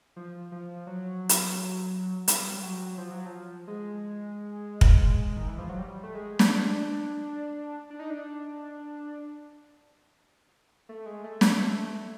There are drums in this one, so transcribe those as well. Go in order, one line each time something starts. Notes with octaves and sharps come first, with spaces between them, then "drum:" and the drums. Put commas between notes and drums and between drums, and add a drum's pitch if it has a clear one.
F3
F3
F#3
drum: hi-hat
G3, drum: hi-hat
G3
F#3
F3
F#3
F3
G#3
drum: kick
D#3
E3
F3
F#3
G3
A3
G#3
D#4, drum: snare
D4
D4
D#4
D4
A3
G#3
A3
A3, drum: snare